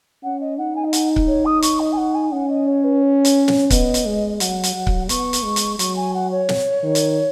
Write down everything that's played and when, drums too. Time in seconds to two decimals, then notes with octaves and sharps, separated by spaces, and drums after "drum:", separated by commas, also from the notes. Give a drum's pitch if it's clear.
0.23 C#4 F#5
0.41 D#5
0.58 D#4 F#5
0.76 G#5
0.84 D#5
0.93 F#5, drum: hi-hat
1.16 drum: kick C#1
1.27 C#5
1.45 D#6
1.62 C#6, drum: hi-hat
1.80 D#5
1.92 G#5
1.97 F#5
2.14 G#5
2.32 C#4 F#5
2.49 D#5
2.67 C#5
2.84 B4
3.02 C#5
3.25 drum: hi-hat
3.48 drum: snare
3.70 B3 D#5, drum: kick C#1, hi-hat
3.94 drum: hi-hat
4.06 G#3
4.40 F#3 F#5, drum: hi-hat
4.63 drum: hi-hat
4.75 F#3
4.87 drum: kick C#1
5.09 B3 C#6, drum: hi-hat
5.33 drum: hi-hat
5.44 G#3
5.56 drum: hi-hat
5.79 F#3 C#6, drum: hi-hat
5.96 G#5
6.14 F#5
6.31 C#5
6.49 drum: snare
6.83 D#3
6.95 drum: hi-hat